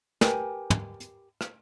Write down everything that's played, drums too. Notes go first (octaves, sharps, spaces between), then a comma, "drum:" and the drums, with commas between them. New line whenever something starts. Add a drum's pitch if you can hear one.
G4 A#4 B4 G#5, drum: snare
drum: tom
drum: hi-hat
drum: rim click